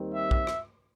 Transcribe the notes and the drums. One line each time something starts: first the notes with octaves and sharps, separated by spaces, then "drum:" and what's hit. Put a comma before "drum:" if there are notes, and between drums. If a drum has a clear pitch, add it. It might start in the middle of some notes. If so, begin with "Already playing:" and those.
Already playing: D#2 D#3 G3 C4
E5
drum: kick
drum: rim click